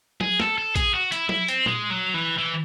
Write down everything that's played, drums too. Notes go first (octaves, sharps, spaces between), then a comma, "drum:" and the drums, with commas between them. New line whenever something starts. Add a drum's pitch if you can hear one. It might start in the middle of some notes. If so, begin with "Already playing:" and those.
G#4, drum: tom F#3
A4, drum: snare
A4
G#4, drum: kick, hi-hat
F#4
E4, drum: hi-hat
E4, drum: tom F#3
C4, drum: hi-hat
G#3, drum: tom A#2
F#3
E3
E3